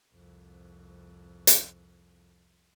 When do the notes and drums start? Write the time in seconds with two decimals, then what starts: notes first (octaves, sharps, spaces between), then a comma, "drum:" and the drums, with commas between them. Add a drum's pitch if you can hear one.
0.14 C2 F2
1.47 drum: hi-hat